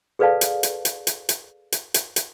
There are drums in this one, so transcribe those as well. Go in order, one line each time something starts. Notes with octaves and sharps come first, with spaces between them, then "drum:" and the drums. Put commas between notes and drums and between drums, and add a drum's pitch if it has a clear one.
G#4 A4 B4 D5 F5 A5
drum: hi-hat
drum: hi-hat
drum: hi-hat
drum: hi-hat
drum: hi-hat
drum: hi-hat
drum: hi-hat
drum: hi-hat